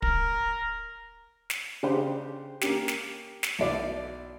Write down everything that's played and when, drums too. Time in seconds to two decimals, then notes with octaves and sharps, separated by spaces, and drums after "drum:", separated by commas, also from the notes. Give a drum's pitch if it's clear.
0.02 A#4, drum: kick
1.50 drum: snare
1.83 C#3 D4 G4 C5
2.61 A#3 C#4 G4, drum: snare
2.88 drum: snare
3.43 drum: snare
3.59 B1 E4 D5